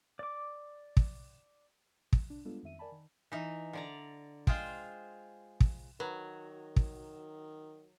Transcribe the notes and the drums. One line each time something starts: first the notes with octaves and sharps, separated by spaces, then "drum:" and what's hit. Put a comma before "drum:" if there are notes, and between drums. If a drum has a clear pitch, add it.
D5 D6
drum: kick
drum: kick
D4
G3 G#3 B3 D4 F4 A4
F2 D#3 E5 D#7
A#4 D5 G#5 A5 B5
D#3
E3 D#4
D3 D5 A#5
G#3 F4 G#4 C5 G5, drum: kick
drum: kick
D#3 F#3 B4
drum: kick